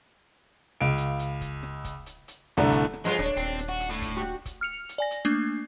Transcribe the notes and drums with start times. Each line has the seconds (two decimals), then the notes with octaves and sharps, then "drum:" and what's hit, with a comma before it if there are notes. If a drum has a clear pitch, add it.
0.81 C#2 F5 D7
0.97 drum: hi-hat
1.19 drum: hi-hat
1.41 drum: kick, hi-hat
1.63 drum: rim click
1.84 drum: kick, hi-hat
2.06 drum: hi-hat
2.28 drum: hi-hat
2.57 C2 A2 D3 A3 D4 A#5
2.71 drum: kick, hi-hat
2.93 drum: rim click
3.05 F3 G#3 F4 G#4 B4 D#5
3.19 D#1 D4 C#5
3.37 D#1 C4, drum: hi-hat
3.58 drum: hi-hat
3.69 F#4
3.80 drum: hi-hat
3.90 A2
4.02 drum: kick, hi-hat
4.16 F#4 G4
4.45 drum: kick, hi-hat
4.61 F6 C#7 F7
4.89 drum: hi-hat
4.98 D5 G#5 A#6
5.11 drum: hi-hat
5.25 A3 A#3 D4